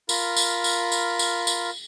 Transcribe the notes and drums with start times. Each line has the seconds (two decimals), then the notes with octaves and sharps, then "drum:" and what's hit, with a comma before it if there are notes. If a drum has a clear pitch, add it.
0.09 F4 A#4 B5, drum: tambourine
0.37 drum: tambourine
0.64 drum: tambourine
0.92 drum: tambourine
1.19 drum: tambourine
1.47 drum: tambourine